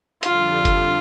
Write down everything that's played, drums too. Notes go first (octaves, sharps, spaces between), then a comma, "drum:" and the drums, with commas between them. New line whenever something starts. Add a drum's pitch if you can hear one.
F2 D3 G3 D4 F4 A4, drum: hi-hat
drum: kick F#1, hi-hat